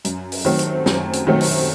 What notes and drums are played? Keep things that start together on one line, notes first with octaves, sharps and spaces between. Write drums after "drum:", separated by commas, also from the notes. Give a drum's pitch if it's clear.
F#2, drum: hi-hat
drum: open hi-hat
D#3 F#3 A3 C4
drum: hi-hat
F#2, drum: snare
drum: hi-hat
D#3 F#3 A3 C4
drum: open hi-hat